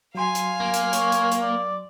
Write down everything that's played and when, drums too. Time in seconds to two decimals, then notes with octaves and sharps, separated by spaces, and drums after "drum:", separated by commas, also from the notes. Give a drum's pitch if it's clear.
0.15 F#3 F5 G#5 C6
0.35 drum: hi-hat
0.60 A#3
0.74 drum: hi-hat
0.93 C#5, drum: hi-hat
1.12 drum: hi-hat
1.32 drum: hi-hat
1.42 D5